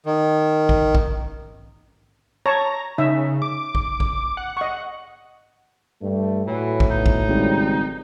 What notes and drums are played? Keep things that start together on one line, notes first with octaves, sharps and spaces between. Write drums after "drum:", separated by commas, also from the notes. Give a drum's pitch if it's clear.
D#3
drum: kick
drum: kick
C#5 A5 A#5
C#3 D#4 E5
D6
drum: kick
drum: kick
F#5
D#5 C#6
G2 G3 A3
A2 E3 F#3
drum: kick
B2 D#4
drum: kick
G#1 C#3 F3 G3